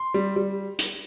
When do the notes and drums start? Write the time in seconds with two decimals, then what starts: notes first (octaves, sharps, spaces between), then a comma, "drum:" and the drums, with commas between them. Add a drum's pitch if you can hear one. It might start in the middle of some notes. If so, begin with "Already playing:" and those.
Already playing: C6
0.14 G3
0.36 G3
0.79 drum: hi-hat